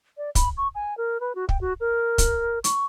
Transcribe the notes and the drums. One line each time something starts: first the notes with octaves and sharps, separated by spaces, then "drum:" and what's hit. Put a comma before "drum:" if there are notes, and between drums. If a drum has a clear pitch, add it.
D5
B5, drum: kick, hi-hat
C#6
G#5
A#4
B4
F#4
G5, drum: kick
F#4
A#4
drum: kick, hi-hat
C#6, drum: hi-hat